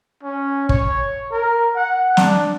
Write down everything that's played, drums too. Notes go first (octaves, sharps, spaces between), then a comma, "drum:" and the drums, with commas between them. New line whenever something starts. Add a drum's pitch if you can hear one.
C#4
C#5, drum: kick
A#4
F#5
D4, drum: snare